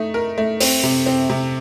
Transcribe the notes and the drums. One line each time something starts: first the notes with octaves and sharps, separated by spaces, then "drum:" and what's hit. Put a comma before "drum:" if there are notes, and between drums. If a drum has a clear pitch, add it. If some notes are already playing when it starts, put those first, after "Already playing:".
Already playing: A3 D#4
A#4
A3
C4, drum: open hi-hat
C3
C4
C3